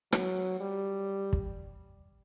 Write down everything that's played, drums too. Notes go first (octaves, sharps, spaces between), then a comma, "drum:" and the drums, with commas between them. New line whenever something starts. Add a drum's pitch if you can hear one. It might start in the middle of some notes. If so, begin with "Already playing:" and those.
F#3, drum: rim click
G3
drum: kick